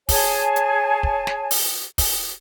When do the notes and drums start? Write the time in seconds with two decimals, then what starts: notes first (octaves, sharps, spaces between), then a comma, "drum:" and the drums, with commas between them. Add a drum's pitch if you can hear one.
0.09 G#4 C#5 G#5 A5, drum: kick, open hi-hat
0.56 drum: hi-hat
1.03 drum: kick
1.27 drum: snare
1.51 drum: open hi-hat
1.98 drum: kick, open hi-hat